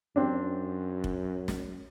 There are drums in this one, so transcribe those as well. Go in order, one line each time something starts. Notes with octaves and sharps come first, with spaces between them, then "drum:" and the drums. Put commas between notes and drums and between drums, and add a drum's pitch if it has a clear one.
F#2 C4 D4
drum: kick F1
drum: snare